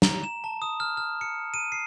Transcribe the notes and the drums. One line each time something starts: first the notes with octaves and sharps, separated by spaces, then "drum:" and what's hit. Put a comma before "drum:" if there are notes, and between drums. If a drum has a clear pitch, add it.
A#5, drum: snare
E7
A5
D#6
F6
F6
C#7
D#7
C7